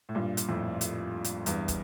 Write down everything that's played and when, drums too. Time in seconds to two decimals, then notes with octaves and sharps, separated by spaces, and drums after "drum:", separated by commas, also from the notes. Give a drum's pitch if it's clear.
0.09 A2
0.15 G2 A#2
0.37 drum: hi-hat
0.48 F2 A2
0.81 drum: hi-hat
1.24 drum: hi-hat
1.46 E2 G2, drum: hi-hat
1.68 drum: kick, hi-hat